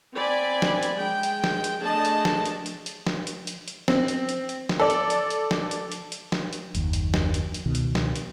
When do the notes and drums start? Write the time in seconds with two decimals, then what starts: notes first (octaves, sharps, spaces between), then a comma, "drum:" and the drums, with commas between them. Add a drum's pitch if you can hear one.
0.14 C4 D5 G#5 B5
0.62 drum: snare
0.83 drum: hi-hat
0.94 G#3 G5
1.23 drum: hi-hat
1.44 drum: snare
1.64 drum: hi-hat
1.81 A3 D4 G#4 D#5 A5
2.05 drum: hi-hat
2.25 drum: snare
2.45 drum: hi-hat
2.66 drum: hi-hat
2.86 drum: hi-hat
3.07 drum: snare
3.27 drum: hi-hat
3.47 drum: hi-hat
3.68 drum: hi-hat
3.88 C4, drum: snare
4.08 drum: hi-hat
4.29 drum: hi-hat
4.49 drum: hi-hat
4.69 drum: snare
4.80 A4 D5
4.90 drum: hi-hat
5.10 drum: hi-hat
5.30 drum: hi-hat
5.51 drum: snare
5.71 drum: hi-hat
5.92 drum: hi-hat
6.12 drum: hi-hat
6.32 drum: snare
6.53 drum: hi-hat
6.75 F#1 D#2, drum: hi-hat
6.93 drum: hi-hat
7.14 drum: snare
7.34 drum: hi-hat
7.54 drum: hi-hat
7.66 C#2 B2 D#3
7.75 drum: hi-hat
7.95 drum: snare
8.15 drum: hi-hat